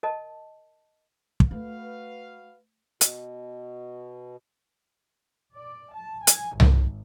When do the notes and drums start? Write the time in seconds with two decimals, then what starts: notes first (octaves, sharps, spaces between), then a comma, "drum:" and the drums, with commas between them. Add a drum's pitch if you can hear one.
0.03 A#4 D#5 A5
1.40 drum: kick
1.51 A3 F#4 B4 F5
3.01 B2, drum: hi-hat
5.56 D5
5.94 A5
6.27 G#5, drum: hi-hat
6.60 G#1, drum: tom C2